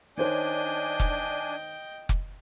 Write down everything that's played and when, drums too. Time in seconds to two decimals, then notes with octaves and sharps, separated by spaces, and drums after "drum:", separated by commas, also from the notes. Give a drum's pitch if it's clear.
0.17 D#3 D4 C5 C#5 D#5 G5 G#5
1.00 drum: kick F1
2.09 drum: kick F1